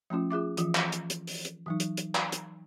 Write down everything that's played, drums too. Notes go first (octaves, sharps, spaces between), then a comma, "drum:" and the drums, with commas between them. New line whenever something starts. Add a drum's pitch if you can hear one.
F3 A3 C#4 F4
F4 G#4 E5 D6
E3 F3 F4, drum: hi-hat
drum: clap
drum: hi-hat
drum: hi-hat
drum: open hi-hat
drum: hi-hat
E3 F#3 D#4
drum: hi-hat
drum: hi-hat
drum: clap
drum: hi-hat